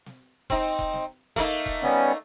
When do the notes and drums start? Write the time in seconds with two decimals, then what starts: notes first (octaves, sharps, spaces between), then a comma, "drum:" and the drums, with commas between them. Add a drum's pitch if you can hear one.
0.06 drum: snare
0.50 C4 D#4, drum: kick E1
0.79 drum: kick E1
0.93 drum: snare
1.36 A3 A#3 D#4, drum: kick E1
1.66 drum: kick E1
1.82 G3 B3 C#4, drum: snare